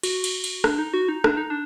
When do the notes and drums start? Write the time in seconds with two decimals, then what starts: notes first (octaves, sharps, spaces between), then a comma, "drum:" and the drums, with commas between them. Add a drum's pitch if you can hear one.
0.03 F#4, drum: cymbal
0.24 drum: cymbal
0.44 drum: cymbal
0.64 D4, drum: rim click
0.78 D#4
0.94 F#4
1.09 D#4
1.24 D4, drum: rim click
1.37 D#4
1.50 D4